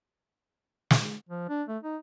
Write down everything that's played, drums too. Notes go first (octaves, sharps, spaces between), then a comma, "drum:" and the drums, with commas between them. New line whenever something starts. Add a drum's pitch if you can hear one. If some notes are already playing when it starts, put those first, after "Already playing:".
drum: snare
F3
D4
A3
D#4